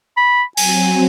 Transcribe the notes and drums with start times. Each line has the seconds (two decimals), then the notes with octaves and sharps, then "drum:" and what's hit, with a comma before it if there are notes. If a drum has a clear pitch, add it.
0.17 B5
0.57 F#3 C4 G#5, drum: open hi-hat